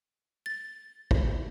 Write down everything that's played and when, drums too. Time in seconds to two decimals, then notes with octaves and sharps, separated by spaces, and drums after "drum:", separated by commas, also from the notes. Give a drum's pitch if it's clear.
0.46 A6
1.11 drum: kick